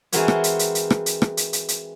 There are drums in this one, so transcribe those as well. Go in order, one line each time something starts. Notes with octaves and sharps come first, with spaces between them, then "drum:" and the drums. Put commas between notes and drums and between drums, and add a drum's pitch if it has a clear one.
E3 G#3 C4 F#4 A#4 C#5, drum: hi-hat
drum: rim click
drum: hi-hat
drum: hi-hat
drum: hi-hat
drum: rim click
drum: hi-hat
drum: rim click
drum: hi-hat
drum: hi-hat
drum: hi-hat